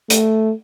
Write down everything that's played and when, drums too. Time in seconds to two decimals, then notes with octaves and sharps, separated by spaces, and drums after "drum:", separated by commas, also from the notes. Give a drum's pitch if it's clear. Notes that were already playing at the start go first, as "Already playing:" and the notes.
0.10 A3, drum: hi-hat